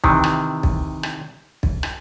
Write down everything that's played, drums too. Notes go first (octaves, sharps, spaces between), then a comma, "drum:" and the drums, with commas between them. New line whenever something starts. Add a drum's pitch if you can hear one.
C3 D#3 E3, drum: kick
drum: rim click
drum: kick
drum: rim click
drum: kick
drum: rim click